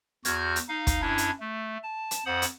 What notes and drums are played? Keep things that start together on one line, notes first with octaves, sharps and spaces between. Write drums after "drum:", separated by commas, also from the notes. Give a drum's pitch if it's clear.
E2 F#4 F6 G6 G#6, drum: hi-hat
drum: hi-hat
D#4 F5
drum: kick, hi-hat
F#2 C#4 D4 E4 G#6
drum: hi-hat
A3
A5
drum: hi-hat
F2 C5 F#5 B5 D#6
drum: hi-hat